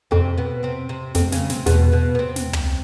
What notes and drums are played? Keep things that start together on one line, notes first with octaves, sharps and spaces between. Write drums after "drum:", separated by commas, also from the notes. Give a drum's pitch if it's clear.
F2 C3 C4
B2 B3
C3 C4
C3 C4
F2 C3 C4, drum: snare
C#3 C#4, drum: snare
C3 C4, drum: snare
E2 B2 B3, drum: snare
B2 B3
B3
C3 C4
drum: snare
drum: tom